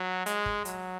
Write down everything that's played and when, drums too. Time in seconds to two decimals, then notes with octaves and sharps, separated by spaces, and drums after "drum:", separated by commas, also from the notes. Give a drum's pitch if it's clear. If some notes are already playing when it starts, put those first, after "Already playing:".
Already playing: F#3
0.26 G#3, drum: hi-hat
0.46 drum: kick
0.65 F#3, drum: hi-hat